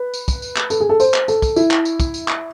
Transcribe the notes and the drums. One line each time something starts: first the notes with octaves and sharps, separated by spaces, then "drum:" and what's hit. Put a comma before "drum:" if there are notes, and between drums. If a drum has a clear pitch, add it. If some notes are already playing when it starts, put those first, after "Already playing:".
Already playing: B4
drum: tambourine
drum: kick, tambourine
drum: tambourine
drum: clap
A4, drum: tambourine
G#4
A4
C5, drum: tambourine
drum: clap
A4, drum: tambourine
drum: kick, tambourine
E4, drum: tambourine
drum: clap
drum: tambourine
drum: kick, tambourine
drum: tambourine
drum: clap